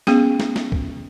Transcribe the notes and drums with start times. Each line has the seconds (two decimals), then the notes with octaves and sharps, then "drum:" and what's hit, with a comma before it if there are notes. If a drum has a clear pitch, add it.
0.07 B3 C#4 G#4, drum: snare
0.40 drum: snare
0.56 drum: snare
0.72 drum: kick